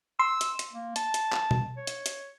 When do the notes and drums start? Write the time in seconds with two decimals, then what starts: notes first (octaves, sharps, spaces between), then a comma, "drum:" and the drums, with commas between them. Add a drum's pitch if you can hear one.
0.19 C6 E6
0.41 drum: hi-hat
0.59 drum: hi-hat
0.73 A#3
0.96 A5, drum: hi-hat
1.14 drum: hi-hat
1.32 drum: clap
1.51 drum: tom B2
1.77 C#5
1.87 drum: hi-hat
2.06 drum: hi-hat